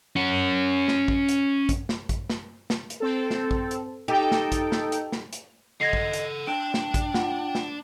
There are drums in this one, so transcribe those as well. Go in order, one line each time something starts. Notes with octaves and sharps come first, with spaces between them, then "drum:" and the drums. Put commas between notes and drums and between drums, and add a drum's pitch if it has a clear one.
C#4 F#5
drum: snare
drum: kick
drum: hi-hat
drum: kick, hi-hat
drum: snare
drum: kick, hi-hat
drum: snare
drum: snare
drum: hi-hat
C4 A4
drum: snare
drum: kick
drum: hi-hat
D#4 G4 A4 G5
drum: snare
drum: kick, hi-hat
drum: snare
drum: hi-hat
drum: snare
drum: hi-hat
A4 D#5 F#5 G#6 A#6 C7
drum: kick
drum: hi-hat
D4 G5 D7
drum: snare
drum: kick, hi-hat
F4 F#5, drum: snare
drum: snare